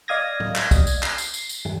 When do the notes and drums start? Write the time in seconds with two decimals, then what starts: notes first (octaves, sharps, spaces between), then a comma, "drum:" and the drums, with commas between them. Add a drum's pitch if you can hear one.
0.08 D5 D#5 F5 D#6 G#6 A#6
0.40 drum: tom A2
0.56 drum: clap
0.71 drum: kick, tambourine
0.87 drum: tambourine
1.02 C7, drum: clap
1.18 drum: tambourine
1.34 drum: tambourine
1.49 drum: tambourine
1.65 drum: tom